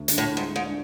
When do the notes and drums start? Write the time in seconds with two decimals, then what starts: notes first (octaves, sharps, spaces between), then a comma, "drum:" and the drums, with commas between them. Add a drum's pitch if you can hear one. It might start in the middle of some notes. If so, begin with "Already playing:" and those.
Already playing: D2
0.08 D3, drum: hi-hat
0.18 A2
0.37 G#2 G#3
0.56 G#2
0.66 D4